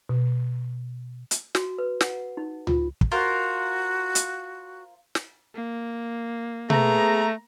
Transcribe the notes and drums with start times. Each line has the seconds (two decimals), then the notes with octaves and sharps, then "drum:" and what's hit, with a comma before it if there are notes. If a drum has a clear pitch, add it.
0.09 B2
1.31 drum: hi-hat
1.55 F#4, drum: snare
1.78 B4
2.01 F#5, drum: snare
2.37 D#4
2.67 F4, drum: tom C#2
3.01 drum: kick
3.12 F4 F#4 A#4 C5
4.15 drum: hi-hat
5.15 drum: snare
5.55 A#3
6.70 A3 B3 G#4 A#5, drum: tom B2